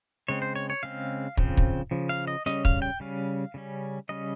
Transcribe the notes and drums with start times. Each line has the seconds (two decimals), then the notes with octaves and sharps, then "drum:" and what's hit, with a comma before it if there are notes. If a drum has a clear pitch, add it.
0.28 C#3 G#3 C4 C#5
0.42 C5
0.56 C#5
0.70 C#5
0.83 C#3 G#3 C4 F5
1.37 C#3 F3 C4, drum: kick
1.57 drum: kick
1.91 C#3 F3
2.09 F5
2.27 D#5
2.46 C#3 G3 C#4 D#5, drum: hi-hat
2.65 F5, drum: kick
2.82 G5
3.00 C#3 G3 C#4 F5
3.54 C#3 G3 C#4
4.09 C#3 G3 C#4 D#5